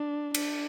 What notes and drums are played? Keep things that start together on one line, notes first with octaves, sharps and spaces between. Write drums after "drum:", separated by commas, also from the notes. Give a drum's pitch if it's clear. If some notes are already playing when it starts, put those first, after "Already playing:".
Already playing: D4
D4, drum: cymbal